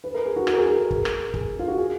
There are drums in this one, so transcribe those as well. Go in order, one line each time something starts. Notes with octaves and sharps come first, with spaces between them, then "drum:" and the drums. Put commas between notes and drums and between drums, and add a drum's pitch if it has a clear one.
B4
A#4
G#4
F#4
F#4, drum: rim click
A#4
G#4
G#4
A#4
drum: kick
drum: rim click
G#4, drum: kick
F4
F#4
G#4